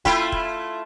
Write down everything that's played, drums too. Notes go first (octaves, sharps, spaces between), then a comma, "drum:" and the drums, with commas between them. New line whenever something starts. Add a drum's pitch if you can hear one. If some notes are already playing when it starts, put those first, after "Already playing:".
A3 E4 F4 G5 B5, drum: kick
drum: kick